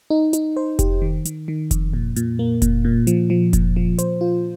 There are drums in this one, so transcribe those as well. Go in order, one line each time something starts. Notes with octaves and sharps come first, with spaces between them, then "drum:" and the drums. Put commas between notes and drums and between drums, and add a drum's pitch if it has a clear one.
D#4
D#4, drum: hi-hat
C5
G4, drum: kick F1, hi-hat
D#3
D#3, drum: hi-hat
D#3
F2, drum: kick F1, hi-hat
A#2
A#2, drum: hi-hat
A#3
A#2, drum: kick F1, hi-hat
A#2
F3, drum: hi-hat
F3
A#2, drum: kick F1, hi-hat
F3
C5, drum: hi-hat
F4